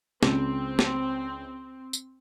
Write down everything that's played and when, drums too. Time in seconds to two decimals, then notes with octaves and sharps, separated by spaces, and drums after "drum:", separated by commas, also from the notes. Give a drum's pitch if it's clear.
0.23 C#2 C4, drum: snare
0.79 drum: snare
1.93 drum: tambourine